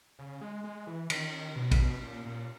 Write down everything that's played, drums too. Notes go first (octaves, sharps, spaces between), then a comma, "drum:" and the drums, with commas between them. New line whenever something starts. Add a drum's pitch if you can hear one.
C#3
G#3
G#3
E3
D#3, drum: cymbal
B2
drum: kick, cymbal
A#2
A#2